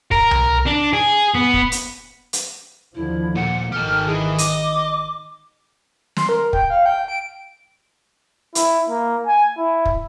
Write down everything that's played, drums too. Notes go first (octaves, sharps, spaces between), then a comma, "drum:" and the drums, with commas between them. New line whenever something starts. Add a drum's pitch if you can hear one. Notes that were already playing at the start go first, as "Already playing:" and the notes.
A#4, drum: kick
drum: tom C2
D4
G#4
B3
drum: kick
drum: hi-hat
drum: hi-hat
D#2 D3 F3 E4
A#2 F#5
G#1 D#3 G4 A4 F6
E3 G#4
D#5 D6, drum: hi-hat
C6, drum: snare
A#4
G5, drum: kick
F5
G5
D7
E4, drum: hi-hat
A#3
G#5
E4
drum: kick